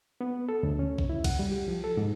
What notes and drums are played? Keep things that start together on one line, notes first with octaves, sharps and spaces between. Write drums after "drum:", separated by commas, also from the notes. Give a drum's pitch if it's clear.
B3
A4
D2
C#4
drum: kick A#1
E4
F#5, drum: kick A#1, cymbal
G3
G4
F3
A4
G#2